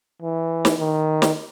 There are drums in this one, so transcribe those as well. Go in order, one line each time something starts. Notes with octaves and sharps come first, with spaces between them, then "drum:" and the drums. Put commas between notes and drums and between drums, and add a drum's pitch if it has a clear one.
E3
drum: snare
D#3
drum: snare